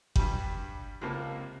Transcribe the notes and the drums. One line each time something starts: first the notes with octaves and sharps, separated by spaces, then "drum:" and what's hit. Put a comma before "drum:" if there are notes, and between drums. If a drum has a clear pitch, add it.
G2 G3, drum: kick G1
C#2 C3 A#3 A5